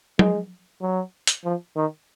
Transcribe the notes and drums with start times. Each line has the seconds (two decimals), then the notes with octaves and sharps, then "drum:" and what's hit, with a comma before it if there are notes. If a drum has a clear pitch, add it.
0.19 G#3, drum: tom
0.82 F#3
1.27 drum: hi-hat
1.45 F3
1.76 D#3